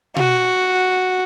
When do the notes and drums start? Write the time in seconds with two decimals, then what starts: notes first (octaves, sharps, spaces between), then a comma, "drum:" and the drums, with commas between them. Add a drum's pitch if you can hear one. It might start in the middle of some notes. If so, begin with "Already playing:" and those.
0.16 F#4, drum: tom B2